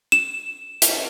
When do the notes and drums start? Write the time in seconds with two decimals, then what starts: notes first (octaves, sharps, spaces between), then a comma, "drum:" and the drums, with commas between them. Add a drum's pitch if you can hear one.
0.12 E7
0.82 drum: hi-hat